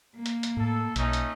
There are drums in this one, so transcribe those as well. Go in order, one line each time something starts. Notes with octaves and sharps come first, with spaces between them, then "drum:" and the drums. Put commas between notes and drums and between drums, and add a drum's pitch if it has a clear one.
A#3
drum: hi-hat
drum: hi-hat
A2 A4
B1 A3 C#4 D#4, drum: hi-hat
drum: hi-hat